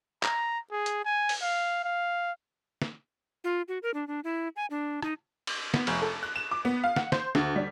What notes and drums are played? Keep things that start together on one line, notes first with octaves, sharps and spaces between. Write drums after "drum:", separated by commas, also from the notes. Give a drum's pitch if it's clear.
A#5, drum: clap
G#4
drum: hi-hat
G#5
drum: open hi-hat
F5
F5
drum: snare
F4
F#4
A#4
D4
D4
E4
G#5
D4
D#4, drum: rim click
drum: cymbal
B3, drum: snare
F1, drum: cymbal
A4
F#6
E7
D6
B3
F5
F#5, drum: snare
C5, drum: snare
D2, drum: snare
G3